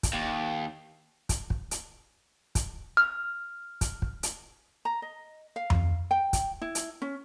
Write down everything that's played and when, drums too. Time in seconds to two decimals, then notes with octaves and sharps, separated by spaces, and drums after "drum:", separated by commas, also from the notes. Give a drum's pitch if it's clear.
0.03 drum: kick, hi-hat
0.13 D#2
1.29 drum: kick, hi-hat
1.50 drum: kick
1.71 drum: hi-hat
2.55 drum: kick, hi-hat
2.97 F6
3.81 drum: kick, hi-hat
4.02 drum: kick
4.23 drum: hi-hat
4.85 A#5
5.02 D#5
5.56 F5
5.70 drum: tom F2
6.11 G5
6.33 drum: kick, hi-hat
6.62 E4
6.75 drum: hi-hat
7.02 C#4